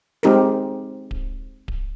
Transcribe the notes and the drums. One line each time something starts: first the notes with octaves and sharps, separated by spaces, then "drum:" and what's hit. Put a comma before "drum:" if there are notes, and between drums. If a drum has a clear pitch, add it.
G#3 C4 D#4 G4 A#4, drum: snare
drum: kick D1
drum: kick D1